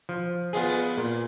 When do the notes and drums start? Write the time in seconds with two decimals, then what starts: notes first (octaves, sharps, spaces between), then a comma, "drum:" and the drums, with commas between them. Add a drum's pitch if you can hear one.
0.09 F3
0.53 B3 F4 G#4, drum: open hi-hat
0.98 A#2